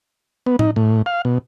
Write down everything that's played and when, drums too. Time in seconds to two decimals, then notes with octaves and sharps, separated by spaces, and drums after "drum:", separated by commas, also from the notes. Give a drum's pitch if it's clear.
0.46 B3
0.59 D#4, drum: tom A2
0.76 A2
1.06 F5
1.25 B2